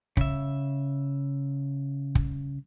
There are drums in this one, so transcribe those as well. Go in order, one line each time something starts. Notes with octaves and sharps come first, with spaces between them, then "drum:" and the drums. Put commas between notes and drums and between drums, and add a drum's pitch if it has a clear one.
C#3 E5, drum: kick
drum: kick